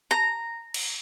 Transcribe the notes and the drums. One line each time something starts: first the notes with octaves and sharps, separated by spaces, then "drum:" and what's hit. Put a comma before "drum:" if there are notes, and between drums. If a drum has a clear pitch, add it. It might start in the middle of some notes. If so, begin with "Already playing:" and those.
A#5
drum: cymbal